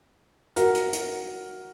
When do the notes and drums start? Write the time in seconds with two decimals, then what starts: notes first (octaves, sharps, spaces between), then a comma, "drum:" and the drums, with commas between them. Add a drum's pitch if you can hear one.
0.56 F#4 A#4, drum: hi-hat
0.75 drum: hi-hat
0.93 drum: hi-hat